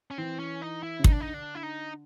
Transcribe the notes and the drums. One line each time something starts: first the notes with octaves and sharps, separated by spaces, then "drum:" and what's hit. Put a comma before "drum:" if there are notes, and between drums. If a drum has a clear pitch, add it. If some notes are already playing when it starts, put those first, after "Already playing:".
C#4
E3 C4
C#4
D#4
E4
C#3
D3 D#4, drum: kick
D4
D#4
D4
E4
D#4